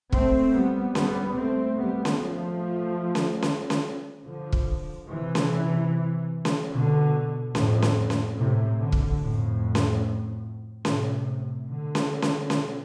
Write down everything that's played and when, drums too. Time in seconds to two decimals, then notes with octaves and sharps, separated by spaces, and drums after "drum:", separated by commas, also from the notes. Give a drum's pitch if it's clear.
0.12 A3 C4, drum: kick
0.54 G3 B3
0.95 G3 B3, drum: snare C#4
1.36 A3 C4
1.77 G3 B3
2.05 drum: snare C#4
2.19 F3 A3
3.15 drum: snare C#4
3.42 drum: snare C#4
3.70 drum: snare C#4
4.25 D3 F3
4.52 drum: kick
5.07 C3 E3
5.35 drum: snare C#4
6.45 drum: snare C#4
6.72 B2 D3
7.55 F2 A2, drum: snare C#4
7.82 drum: snare C#4
8.10 drum: snare C#4
8.37 A2 C3
8.79 B2 D3
8.92 drum: kick
9.20 F2 A2
9.75 drum: snare C#4
10.85 A2 C3, drum: snare C#4
11.67 B2 D3
11.95 drum: snare C#4
12.22 drum: snare C#4
12.50 drum: snare C#4